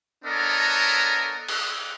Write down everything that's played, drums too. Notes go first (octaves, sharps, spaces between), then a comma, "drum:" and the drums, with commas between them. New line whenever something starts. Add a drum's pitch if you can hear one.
B3 D4 A4 A#4 C#5 D#5
drum: cymbal